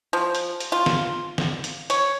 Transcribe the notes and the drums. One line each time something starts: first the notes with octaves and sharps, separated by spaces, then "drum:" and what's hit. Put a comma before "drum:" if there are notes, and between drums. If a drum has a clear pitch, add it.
F3
drum: hi-hat
drum: hi-hat
F4
drum: snare
drum: snare
drum: hi-hat
C#5, drum: hi-hat